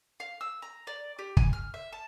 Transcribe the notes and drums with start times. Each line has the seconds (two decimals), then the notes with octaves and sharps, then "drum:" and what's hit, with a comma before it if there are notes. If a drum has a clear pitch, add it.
0.20 F5
0.41 E6
0.62 A#5
0.87 D5
1.19 G4
1.37 G#5, drum: kick
1.53 F6
1.74 E5
1.93 A5